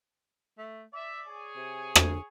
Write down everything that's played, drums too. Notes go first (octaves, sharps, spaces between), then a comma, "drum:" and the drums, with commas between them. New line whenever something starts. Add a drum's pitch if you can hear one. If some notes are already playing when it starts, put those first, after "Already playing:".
A3
D5 E5
G#4 C#5 G#5
C3
drum: rim click